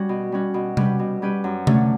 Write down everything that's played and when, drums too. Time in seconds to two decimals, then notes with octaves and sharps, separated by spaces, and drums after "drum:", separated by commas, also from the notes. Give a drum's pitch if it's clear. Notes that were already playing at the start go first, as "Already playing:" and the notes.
Already playing: G3 C#4 F#4
0.09 B2
0.32 G3 C#4 F#4
0.54 B2
0.77 G3 C#4 G4 B4, drum: tom C3
0.99 B2
1.22 G3 C#4 G4 B4
1.44 F#2
1.67 D3 A3 C#4, drum: tom C3